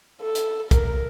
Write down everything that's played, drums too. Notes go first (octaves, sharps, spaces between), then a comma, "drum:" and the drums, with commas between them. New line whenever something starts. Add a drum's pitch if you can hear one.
A4
drum: hi-hat
A#4, drum: kick, hi-hat